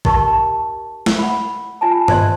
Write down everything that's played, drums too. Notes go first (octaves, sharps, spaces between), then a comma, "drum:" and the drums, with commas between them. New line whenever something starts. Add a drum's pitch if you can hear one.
D#4 G4 A#4 A5 C#6, drum: kick
drum: snare
F#5 B5
F4 G#5 A5
C5 D5 D#5 C6, drum: tom G2